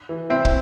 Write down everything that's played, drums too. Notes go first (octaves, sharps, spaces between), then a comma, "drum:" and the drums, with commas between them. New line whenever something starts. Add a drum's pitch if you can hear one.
E3
C3 C4 E4
drum: kick